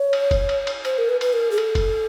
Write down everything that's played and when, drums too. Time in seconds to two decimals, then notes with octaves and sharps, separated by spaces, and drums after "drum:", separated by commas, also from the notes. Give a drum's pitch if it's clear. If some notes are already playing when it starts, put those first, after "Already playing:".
Already playing: C#5
0.13 drum: cymbal
0.31 drum: kick, cymbal
0.49 drum: cymbal
0.67 drum: cymbal
0.85 C5, drum: cymbal
0.98 A#4
1.09 B4
1.21 B4, drum: cymbal
1.33 A#4
1.51 G#4
1.58 A4, drum: cymbal
1.75 drum: kick, cymbal